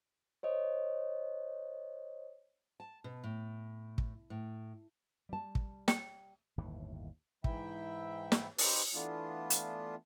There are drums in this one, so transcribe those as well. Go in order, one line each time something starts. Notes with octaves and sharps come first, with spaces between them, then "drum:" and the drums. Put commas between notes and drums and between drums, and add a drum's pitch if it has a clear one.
C5 C#5 D#5
A5
B2
A2
drum: kick
A2
G3 A5
drum: kick
G5, drum: snare
G1 D#2 A2 E3
G#2 E3 E4 E5 G5, drum: kick
drum: snare
C4 D#4 G4 B4 C5, drum: open hi-hat
E3 A3 B3 D4 F4
drum: hi-hat